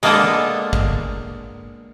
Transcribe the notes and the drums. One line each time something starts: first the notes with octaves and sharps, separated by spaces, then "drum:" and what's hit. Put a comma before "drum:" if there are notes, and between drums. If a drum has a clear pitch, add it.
G#3 A#3 B3 D4 G#4 A4, drum: cymbal
drum: kick G#1